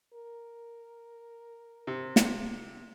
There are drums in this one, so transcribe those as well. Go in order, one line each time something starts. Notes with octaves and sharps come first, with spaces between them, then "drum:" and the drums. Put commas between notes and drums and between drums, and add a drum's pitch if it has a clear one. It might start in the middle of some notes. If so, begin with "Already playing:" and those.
A#4
C3
drum: snare